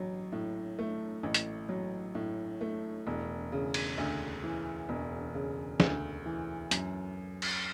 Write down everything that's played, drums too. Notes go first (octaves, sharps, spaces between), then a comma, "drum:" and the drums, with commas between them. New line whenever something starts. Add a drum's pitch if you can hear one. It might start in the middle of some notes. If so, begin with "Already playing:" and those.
Already playing: A1 F#3
A2
A3
A1
drum: hi-hat
F#3
A2
A3
E1
C#3
drum: cymbal
D2
E3
E1
C#3
D2, drum: snare
E3
F#2, drum: hi-hat
drum: cymbal